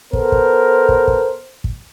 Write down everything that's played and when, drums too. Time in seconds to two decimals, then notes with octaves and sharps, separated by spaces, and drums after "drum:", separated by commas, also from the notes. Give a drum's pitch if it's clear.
0.13 B3 A4 A#4 C5, drum: kick
0.32 drum: kick
0.89 drum: kick
1.08 drum: kick
1.64 drum: kick